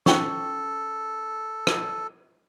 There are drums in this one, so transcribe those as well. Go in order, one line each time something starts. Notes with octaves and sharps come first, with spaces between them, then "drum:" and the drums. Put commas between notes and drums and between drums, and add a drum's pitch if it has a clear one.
C#4 A4 G5 C#6, drum: snare
drum: rim click